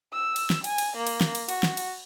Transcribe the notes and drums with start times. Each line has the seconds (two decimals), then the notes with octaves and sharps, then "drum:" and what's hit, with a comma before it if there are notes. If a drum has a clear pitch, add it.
0.13 E6
0.36 drum: cymbal
0.50 drum: snare
0.64 G#5, drum: cymbal
0.78 drum: cymbal
0.97 A#3
1.07 drum: cymbal
1.21 drum: snare
1.35 drum: cymbal
1.49 F#4, drum: cymbal
1.63 drum: snare
1.77 drum: cymbal